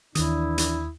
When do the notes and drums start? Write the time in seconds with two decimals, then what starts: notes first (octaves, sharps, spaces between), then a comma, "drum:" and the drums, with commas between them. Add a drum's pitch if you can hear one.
0.15 D#2 D#3 E3 D4 E4 D#6, drum: hi-hat
0.58 drum: hi-hat